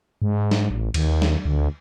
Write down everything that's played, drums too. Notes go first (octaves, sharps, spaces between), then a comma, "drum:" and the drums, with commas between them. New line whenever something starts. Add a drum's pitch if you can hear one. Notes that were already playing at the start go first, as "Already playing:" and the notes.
G#2
drum: snare
A1
D#2, drum: cymbal
drum: snare
D2